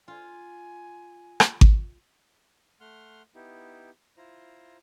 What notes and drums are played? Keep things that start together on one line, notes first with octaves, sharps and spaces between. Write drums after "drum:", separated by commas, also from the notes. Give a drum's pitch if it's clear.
F4 G#5
drum: rim click
drum: kick G#1
A3 F#5 C6 F6
B3 D#4 E4 G4
E4 F4 C5 A#5